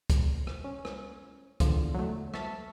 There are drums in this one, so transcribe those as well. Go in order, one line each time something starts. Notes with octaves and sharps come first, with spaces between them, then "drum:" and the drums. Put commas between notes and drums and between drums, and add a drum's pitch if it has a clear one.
drum: kick, hi-hat
drum: rim click
C#4
drum: rim click
E2 D3 F3, drum: kick, hi-hat
F#3 A3
E5 A5 C#6 B6, drum: rim click